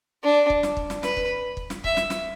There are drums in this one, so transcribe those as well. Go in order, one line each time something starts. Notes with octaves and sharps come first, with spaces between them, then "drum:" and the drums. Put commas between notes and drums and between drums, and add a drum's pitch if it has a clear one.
D4
drum: kick
drum: snare
drum: kick
drum: snare
B4, drum: snare
drum: kick
drum: kick
drum: snare
E5, drum: kick
drum: snare
drum: snare